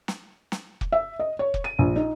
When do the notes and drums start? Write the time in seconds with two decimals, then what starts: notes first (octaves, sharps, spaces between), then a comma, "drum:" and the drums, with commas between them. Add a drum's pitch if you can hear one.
0.08 drum: snare
0.52 drum: snare
0.81 drum: kick
0.92 E5
1.19 D#5
1.39 C#5
1.54 drum: kick
1.64 D#7
1.79 A#1
1.96 D#4